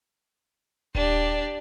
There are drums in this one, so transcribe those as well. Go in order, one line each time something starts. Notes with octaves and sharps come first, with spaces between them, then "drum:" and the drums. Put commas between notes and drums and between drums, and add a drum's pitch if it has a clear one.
D4 G4, drum: kick D#1